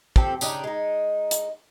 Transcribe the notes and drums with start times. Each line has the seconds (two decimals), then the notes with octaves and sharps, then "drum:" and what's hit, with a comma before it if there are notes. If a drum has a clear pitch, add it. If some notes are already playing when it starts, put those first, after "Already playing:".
0.16 F3 C4 G4 A4, drum: kick
0.41 C#3 D4 D#4 G4, drum: tambourine
0.64 G#3 D#4
1.31 drum: hi-hat